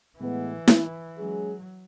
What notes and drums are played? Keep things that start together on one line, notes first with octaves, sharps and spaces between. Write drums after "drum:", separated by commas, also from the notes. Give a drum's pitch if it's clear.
A2 E3 G#3 B3
drum: snare E4
F#3 G#3 C#4 G#4